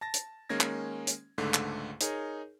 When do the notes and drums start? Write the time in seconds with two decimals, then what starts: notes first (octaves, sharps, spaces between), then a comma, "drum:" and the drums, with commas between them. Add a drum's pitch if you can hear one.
0.01 A5 A6 A#6
0.14 drum: hi-hat
0.49 D#3 G#3 A#3 C#4 G#6 A#6
0.61 drum: clap
1.07 drum: hi-hat
1.38 C#2 G#2 D3 A3
1.54 drum: clap
2.01 D#4 G#4 A#4 C#5, drum: hi-hat